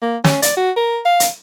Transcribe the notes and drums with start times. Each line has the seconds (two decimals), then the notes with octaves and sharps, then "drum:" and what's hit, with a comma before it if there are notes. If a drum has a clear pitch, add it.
0.02 A#3
0.24 C#4, drum: snare
0.42 D5, drum: hi-hat
0.57 F#4
0.77 A#4
1.05 F5
1.20 drum: hi-hat